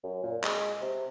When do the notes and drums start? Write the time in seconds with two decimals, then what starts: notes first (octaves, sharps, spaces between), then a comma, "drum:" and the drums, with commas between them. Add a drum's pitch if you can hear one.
0.03 F#2
0.23 A#2
0.44 G#3, drum: clap
0.81 C3